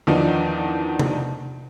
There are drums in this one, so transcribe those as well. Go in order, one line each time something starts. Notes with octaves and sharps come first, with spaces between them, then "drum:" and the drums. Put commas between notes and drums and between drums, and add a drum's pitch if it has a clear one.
E2 D#3 F3 D4 D#4
drum: tom C3